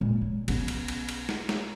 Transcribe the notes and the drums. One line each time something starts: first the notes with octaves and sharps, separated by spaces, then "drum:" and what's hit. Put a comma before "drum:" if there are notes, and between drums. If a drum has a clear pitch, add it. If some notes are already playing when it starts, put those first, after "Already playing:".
A#2 G#3
F#3
B1 C#4, drum: cymbal
drum: cymbal
drum: cymbal
drum: cymbal
drum: snare
drum: snare